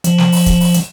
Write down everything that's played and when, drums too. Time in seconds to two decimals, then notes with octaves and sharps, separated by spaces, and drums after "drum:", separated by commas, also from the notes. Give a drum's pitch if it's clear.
0.04 F3, drum: hi-hat
0.18 drum: snare
0.32 drum: open hi-hat
0.46 drum: kick, hi-hat
0.60 drum: open hi-hat
0.74 drum: hi-hat